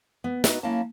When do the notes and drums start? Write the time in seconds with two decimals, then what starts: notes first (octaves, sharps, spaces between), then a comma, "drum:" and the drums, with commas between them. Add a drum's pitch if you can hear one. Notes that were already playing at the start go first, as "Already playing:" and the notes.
0.24 B3
0.44 B3 D#4 F#4 B4 D#5, drum: snare
0.63 F#3 A#3 C#4 E4 F5 A5